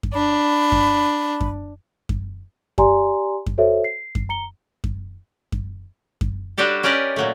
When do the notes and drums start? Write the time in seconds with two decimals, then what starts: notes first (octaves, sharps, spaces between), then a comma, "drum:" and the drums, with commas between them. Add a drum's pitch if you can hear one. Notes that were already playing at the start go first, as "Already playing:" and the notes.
0.03 drum: kick F#2
0.14 D4 B5
0.72 drum: kick F#2
1.41 drum: kick F#2
2.09 drum: kick F#2
2.78 G4 D5 G#5 A#5 C6, drum: kick F#2
3.46 drum: kick F#2
3.58 F#4 A4 C5 C#5 E5
3.84 C7
4.15 drum: kick F#2
4.29 A#5 C#7 G7
4.84 drum: kick F#2
5.52 drum: kick F#2
6.21 drum: kick F#2
6.58 G3 D4 F#4 G4 A4
6.83 C#4 G4 A#4 B4 D5 D#5
7.16 A#2 F#3 A3